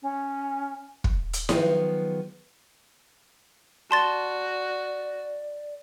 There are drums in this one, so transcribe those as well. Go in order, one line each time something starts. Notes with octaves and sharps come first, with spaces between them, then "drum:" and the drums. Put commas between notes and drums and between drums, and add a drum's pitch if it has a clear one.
C#4
drum: kick
drum: hi-hat
D#3 F3 F#3 G#3 B3, drum: snare E4
F#4 D5 A5 C6 A6